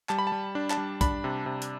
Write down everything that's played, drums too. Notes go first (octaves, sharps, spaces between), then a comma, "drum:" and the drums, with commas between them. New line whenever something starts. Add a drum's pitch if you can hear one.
G3 A5, drum: clap
B5
A5
G3
D4
A5, drum: clap
G3
D4 B5, drum: kick, hi-hat
C3
C3
drum: hi-hat